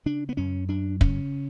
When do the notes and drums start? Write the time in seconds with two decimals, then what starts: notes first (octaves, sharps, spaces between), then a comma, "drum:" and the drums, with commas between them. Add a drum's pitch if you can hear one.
0.06 C#3 D4
0.29 B3
0.37 F#2 C#4
0.68 F#2 D4
1.01 C#3 C#4, drum: kick